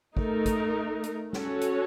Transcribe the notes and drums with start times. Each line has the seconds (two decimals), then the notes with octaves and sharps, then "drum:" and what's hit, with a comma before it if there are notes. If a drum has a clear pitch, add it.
0.17 A3 D#4 A#4, drum: kick
0.46 drum: kick, hi-hat
1.04 drum: hi-hat
1.33 C#4 F#4 A4 C#5, drum: snare
1.61 drum: hi-hat